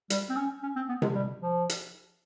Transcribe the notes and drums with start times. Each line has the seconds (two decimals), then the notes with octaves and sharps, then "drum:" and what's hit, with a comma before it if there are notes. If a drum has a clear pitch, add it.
0.10 G3, drum: hi-hat
0.29 C4
0.36 C#4
0.63 C#4
0.76 C4
0.89 B3
1.02 G#3, drum: tom C3
1.14 G3
1.41 F3
1.69 drum: hi-hat